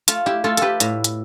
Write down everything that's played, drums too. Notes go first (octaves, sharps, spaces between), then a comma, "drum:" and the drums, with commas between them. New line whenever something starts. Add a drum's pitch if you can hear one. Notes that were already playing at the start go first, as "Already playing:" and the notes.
A3 F4, drum: hi-hat
E4 G4
A3 F4 A4
G4 A4 B4, drum: hi-hat
A2, drum: hi-hat
drum: hi-hat